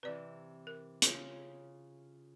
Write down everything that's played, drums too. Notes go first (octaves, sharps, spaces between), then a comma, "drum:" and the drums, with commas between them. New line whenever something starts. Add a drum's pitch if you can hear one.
C3 E3 B4 D5
A#4
C#3 F4, drum: hi-hat